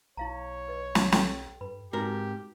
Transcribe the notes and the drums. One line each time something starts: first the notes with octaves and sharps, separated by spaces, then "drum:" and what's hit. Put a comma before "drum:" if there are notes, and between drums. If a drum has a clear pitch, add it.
B1 E4 C#5 F5 A#5
B4 D#5
drum: snare
A4 G5, drum: snare
G2 B4 B5
G#2 C4 D#4 F#4 G4 A#4